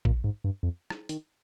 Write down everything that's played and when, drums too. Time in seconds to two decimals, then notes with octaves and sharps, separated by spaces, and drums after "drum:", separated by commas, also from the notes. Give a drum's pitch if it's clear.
0.05 A#2, drum: kick A#1
0.24 G#2
0.44 G2
0.63 F2
0.90 drum: rim click
1.09 D#3, drum: hi-hat